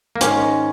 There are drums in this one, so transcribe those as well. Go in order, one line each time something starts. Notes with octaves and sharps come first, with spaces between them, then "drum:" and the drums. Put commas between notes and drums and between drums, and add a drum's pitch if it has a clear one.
A#3
G#2 D#3 G#3 C#4, drum: hi-hat